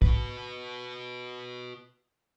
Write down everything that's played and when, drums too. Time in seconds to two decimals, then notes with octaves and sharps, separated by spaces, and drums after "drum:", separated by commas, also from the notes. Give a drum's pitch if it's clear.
0.02 F#4 B4, drum: kick